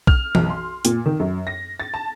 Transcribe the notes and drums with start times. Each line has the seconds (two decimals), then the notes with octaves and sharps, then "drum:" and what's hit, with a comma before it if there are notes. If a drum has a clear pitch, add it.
0.07 F6, drum: kick B1
0.35 B1, drum: tom E3
0.50 C6
0.85 A#2, drum: hi-hat
1.06 D#3
1.20 F#2
1.47 A#6
1.80 A6
1.94 A5